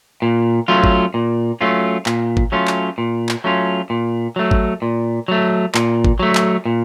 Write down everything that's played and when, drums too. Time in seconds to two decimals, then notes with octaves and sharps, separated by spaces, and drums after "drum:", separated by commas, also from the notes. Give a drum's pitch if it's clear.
0.22 A#2
0.68 F#3 A3 C#4 F4
0.84 drum: kick
1.14 A#2
1.61 F#3 A3 C#4 F4
2.06 A#2, drum: clap
2.37 drum: kick
2.52 F#3 A3 C#4 F4
2.67 drum: clap
2.98 A#2
3.29 drum: clap
3.44 F#3 A3 C#4 F4
3.90 A#2
4.36 F#3 A3
4.51 drum: kick
4.82 A#2
5.28 F#3 A3
5.75 A#2, drum: clap
6.05 drum: kick
6.19 F#3 A3
6.35 drum: clap
6.66 A#2